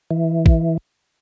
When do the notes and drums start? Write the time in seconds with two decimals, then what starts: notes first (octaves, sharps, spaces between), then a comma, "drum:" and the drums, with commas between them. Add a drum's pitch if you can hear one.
0.11 E3
0.46 drum: kick